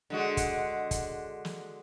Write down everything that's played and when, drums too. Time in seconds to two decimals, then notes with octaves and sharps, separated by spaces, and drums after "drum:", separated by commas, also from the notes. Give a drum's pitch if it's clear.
0.10 D3 G#3 F#4
0.37 drum: kick, hi-hat
0.91 drum: kick, hi-hat
1.45 drum: snare